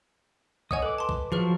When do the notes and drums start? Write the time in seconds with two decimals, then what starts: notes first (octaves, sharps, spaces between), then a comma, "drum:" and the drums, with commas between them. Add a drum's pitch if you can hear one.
0.71 C#5 D#5 F#5 G#5 D#6, drum: kick B1
0.82 A4 B4 D6
0.98 A5 C6
1.09 drum: kick B1
1.32 F3 F#3 G#4 B4 F6